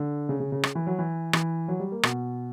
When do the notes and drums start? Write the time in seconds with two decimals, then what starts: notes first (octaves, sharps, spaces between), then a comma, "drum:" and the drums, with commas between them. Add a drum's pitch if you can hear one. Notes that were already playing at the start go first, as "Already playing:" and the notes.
Already playing: D3
0.29 C#3
0.40 C#3
0.52 C#3
0.63 drum: rim click
0.75 E3
0.87 F#3
0.99 E3
1.33 E3, drum: rim click
1.68 F#3
1.80 G3
1.92 A#3
2.03 B2, drum: rim click